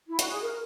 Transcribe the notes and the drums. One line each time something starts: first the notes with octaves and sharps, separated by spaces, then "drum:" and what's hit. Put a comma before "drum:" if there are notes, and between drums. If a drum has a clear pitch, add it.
E4
F#4, drum: hi-hat
G#4
A#4